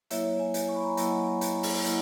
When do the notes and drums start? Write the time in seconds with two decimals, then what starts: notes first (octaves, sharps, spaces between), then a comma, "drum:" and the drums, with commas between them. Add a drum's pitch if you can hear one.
0.11 F#3 A#3 E4 C#5 E5, drum: hi-hat
0.39 E5 G#5
0.54 drum: hi-hat
0.69 C#6
0.75 B5
0.83 A#5
0.90 G#5 B5
0.97 F#3 A#3 E4 D#5 F#5, drum: hi-hat
1.41 drum: hi-hat
1.63 drum: open hi-hat
1.84 F#3 A#3 E4 D#5 F#5, drum: hi-hat